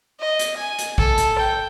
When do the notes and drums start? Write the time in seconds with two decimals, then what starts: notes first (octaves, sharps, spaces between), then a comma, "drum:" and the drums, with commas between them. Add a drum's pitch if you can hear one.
0.20 D#5
0.39 drum: hi-hat
0.57 G#5
0.79 drum: hi-hat
0.98 A4, drum: kick A#1
1.18 drum: hi-hat
1.39 G5